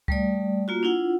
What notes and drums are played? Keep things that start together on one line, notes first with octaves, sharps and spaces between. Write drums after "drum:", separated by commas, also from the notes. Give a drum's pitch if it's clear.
G3 A3 D5, drum: kick C#2
A#3 F4 F#4
D4 E4 F4 F#5